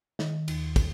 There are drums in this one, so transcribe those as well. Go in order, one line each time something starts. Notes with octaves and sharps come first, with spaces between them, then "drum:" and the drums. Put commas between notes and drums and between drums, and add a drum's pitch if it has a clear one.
D#3, drum: snare
D#2, drum: cymbal
drum: kick, cymbal